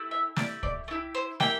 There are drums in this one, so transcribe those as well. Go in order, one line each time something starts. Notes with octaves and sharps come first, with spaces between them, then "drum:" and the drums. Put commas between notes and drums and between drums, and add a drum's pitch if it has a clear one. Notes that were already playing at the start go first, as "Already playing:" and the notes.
Already playing: A3 E4 G4
E5
A3 E4 G4 D5, drum: snare
D5, drum: kick C#2
A3
E4 G4
C5
A#3 E4 G4 G5, drum: snare